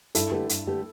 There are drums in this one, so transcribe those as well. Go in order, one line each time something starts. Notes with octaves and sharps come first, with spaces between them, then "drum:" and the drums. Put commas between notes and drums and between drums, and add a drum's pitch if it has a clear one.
G2 E4 A4, drum: hi-hat
D3 A3 G4 B4
G2, drum: hi-hat
D3 A3 G4 B4